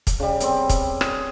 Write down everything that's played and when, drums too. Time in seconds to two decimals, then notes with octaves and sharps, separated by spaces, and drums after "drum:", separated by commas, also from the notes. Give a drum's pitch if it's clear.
0.07 drum: kick, hi-hat
0.20 C#3 G3
0.40 B3 C4, drum: hi-hat
0.69 drum: kick, hi-hat
1.01 G#4, drum: rim click